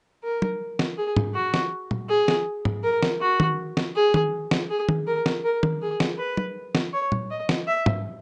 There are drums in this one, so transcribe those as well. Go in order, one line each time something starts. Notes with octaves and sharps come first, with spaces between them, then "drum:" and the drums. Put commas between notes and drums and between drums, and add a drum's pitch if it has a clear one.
A#4
drum: tom
drum: snare
G#4
drum: tom G#2
F#4
drum: snare
drum: tom
G#4
drum: snare
drum: tom G#2
A#4
drum: snare
F#4
drum: tom
drum: snare
G#4
drum: tom
drum: snare
G#4
drum: tom
A#4
drum: snare
A#4
drum: tom
G#4
drum: snare
B4
drum: tom
drum: snare
C#5
drum: tom
D#5
drum: snare
E5
drum: tom G#2